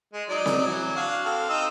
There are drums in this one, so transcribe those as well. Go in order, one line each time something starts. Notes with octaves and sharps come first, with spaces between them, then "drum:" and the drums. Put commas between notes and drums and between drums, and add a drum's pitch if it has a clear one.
G#3
F#3 D#4 D5
drum: snare C4
E3 F#3
D4 F#4 F5
C4 A4 F5
C4 D#4 E6